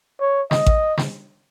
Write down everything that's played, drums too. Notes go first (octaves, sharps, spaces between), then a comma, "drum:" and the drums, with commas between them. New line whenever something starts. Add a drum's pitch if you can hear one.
C#5
D#5, drum: snare
drum: kick A1
drum: snare